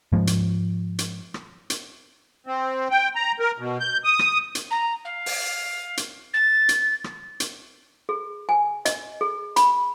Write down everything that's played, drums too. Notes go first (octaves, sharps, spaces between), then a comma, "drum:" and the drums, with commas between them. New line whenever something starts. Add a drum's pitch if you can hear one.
G#2 F3 G#3
drum: hi-hat
drum: hi-hat
drum: rim click
drum: hi-hat
C4
G5
A#5
A#4
B2
G6
D#6
drum: rim click
drum: hi-hat
A#5
F5
drum: open hi-hat
drum: hi-hat
A6
drum: hi-hat
drum: rim click
drum: hi-hat
G#4
G#5
D#5, drum: hi-hat
G#4
B5, drum: hi-hat